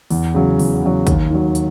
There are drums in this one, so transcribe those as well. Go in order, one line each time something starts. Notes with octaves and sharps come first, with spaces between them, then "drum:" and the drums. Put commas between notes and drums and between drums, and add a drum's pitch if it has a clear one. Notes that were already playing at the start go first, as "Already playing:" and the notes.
E2, drum: open hi-hat
C#3 F#3
E2, drum: open hi-hat
C#3 F#3
D#2, drum: kick, hi-hat
D#3 F#3
drum: hi-hat